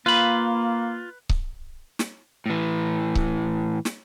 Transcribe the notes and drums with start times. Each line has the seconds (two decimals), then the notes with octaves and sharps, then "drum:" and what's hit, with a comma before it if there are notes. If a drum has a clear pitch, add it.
0.06 A#3 F4 B4 B5
1.29 drum: kick C#1
1.99 drum: snare
2.46 A2 E3
3.15 drum: kick C#1
3.85 drum: snare